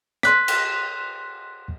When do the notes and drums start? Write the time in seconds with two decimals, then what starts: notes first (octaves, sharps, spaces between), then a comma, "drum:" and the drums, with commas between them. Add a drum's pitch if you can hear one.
0.23 C6 F#6 B6, drum: rim click
0.48 drum: cymbal